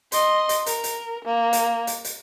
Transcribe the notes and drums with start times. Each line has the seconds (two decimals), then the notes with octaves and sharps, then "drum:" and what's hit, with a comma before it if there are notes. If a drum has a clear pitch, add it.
0.12 D#5 C6, drum: hi-hat
0.49 drum: hi-hat
0.66 A#4, drum: hi-hat
0.84 drum: hi-hat
1.25 A#3
1.53 drum: hi-hat
1.87 drum: hi-hat
2.05 drum: hi-hat